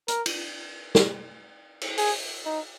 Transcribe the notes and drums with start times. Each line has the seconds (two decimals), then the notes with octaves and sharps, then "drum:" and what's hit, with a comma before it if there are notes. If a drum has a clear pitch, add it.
0.08 A#4, drum: hi-hat
0.26 drum: cymbal
0.95 drum: snare
1.82 drum: cymbal
1.98 G#4, drum: open hi-hat
2.46 D#4